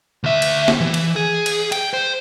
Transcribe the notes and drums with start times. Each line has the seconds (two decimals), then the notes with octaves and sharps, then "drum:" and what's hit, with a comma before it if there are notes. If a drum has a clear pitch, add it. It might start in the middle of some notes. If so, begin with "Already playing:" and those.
0.24 D2 E5
0.42 drum: cymbal
0.68 drum: snare
0.80 E3
0.94 drum: cymbal
1.16 G#4
1.46 drum: cymbal
1.72 G5, drum: cymbal
1.93 C5